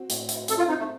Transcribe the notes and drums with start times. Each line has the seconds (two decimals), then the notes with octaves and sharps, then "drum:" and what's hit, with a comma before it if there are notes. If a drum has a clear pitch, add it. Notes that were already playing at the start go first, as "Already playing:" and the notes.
Already playing: C4 F#4
0.10 A2, drum: hi-hat
0.29 F#4, drum: hi-hat
0.48 C4 A4, drum: hi-hat
0.58 F4
0.68 C4 D#4
0.79 A3